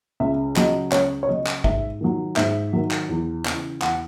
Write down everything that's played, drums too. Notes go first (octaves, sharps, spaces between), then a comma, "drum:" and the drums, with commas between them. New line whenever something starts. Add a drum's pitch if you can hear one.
C#2 E5
C#3 F#3 D#5, drum: clap
C#2 C#5, drum: clap
C#5
C#3 F#3 D#5
drum: clap
G#2 E5, drum: kick
D#3 F#3
G#2 E5, drum: clap
D#3 F#3
drum: clap
E2
C#3 E3, drum: clap
E2 F#5, drum: clap